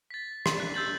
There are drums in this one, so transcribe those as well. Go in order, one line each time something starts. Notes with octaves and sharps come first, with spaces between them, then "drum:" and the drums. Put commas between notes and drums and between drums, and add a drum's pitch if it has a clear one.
A6 B6
drum: rim click
F#6
E6 G6 A6 F#7